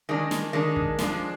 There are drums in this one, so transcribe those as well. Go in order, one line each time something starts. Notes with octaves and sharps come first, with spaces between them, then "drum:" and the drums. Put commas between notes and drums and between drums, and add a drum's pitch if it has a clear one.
D#3 G#3 D4
drum: snare
D#3 G#3 D4
drum: kick
F3 G#3 D4, drum: snare